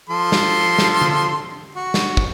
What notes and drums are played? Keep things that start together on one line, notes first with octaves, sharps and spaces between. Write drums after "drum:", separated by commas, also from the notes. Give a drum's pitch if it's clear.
F3 A4 C6
drum: snare
drum: snare
drum: tom D3
F#4
drum: snare
drum: kick